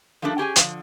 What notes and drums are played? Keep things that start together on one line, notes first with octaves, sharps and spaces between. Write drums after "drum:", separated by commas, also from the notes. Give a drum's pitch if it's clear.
F3 G3 A3 A#3 D4
C#4 G4 G#4 G#5
D3 F3, drum: hi-hat